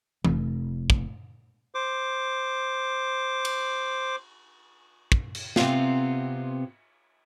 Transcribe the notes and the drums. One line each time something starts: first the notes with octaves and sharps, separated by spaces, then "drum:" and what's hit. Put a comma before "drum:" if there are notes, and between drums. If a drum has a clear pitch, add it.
F1, drum: tom E3
drum: kick
C5 D6
drum: cymbal
drum: kick
drum: cymbal
C3 B3 C4 F4, drum: snare